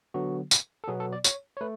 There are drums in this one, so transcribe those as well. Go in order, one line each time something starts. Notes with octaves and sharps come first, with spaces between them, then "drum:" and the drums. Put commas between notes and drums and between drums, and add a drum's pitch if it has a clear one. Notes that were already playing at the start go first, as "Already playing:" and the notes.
D3 F#3 B3 F#4
drum: tambourine
A4
B2 F#3 B3 G#4
A4
D5
C#5, drum: tambourine
C#5
A3 B4